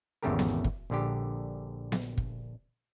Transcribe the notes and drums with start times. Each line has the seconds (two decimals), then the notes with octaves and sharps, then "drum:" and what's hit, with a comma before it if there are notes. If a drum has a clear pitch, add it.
0.23 G#1 E2 C#3 A3 G4 A#4
0.39 drum: snare B3
0.64 drum: kick
0.90 A#1 D3 G4
1.92 drum: snare B3
2.17 drum: kick